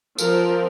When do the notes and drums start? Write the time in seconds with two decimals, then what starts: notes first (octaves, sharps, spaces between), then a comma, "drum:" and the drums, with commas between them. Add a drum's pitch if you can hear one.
0.18 F3 A#4, drum: tambourine
0.24 C4